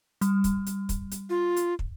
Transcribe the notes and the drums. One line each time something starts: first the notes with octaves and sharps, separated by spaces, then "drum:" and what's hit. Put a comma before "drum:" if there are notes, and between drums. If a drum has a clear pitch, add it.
G3, drum: hi-hat
drum: kick, hi-hat
drum: hi-hat
drum: kick, hi-hat
drum: hi-hat
F4
drum: hi-hat
drum: kick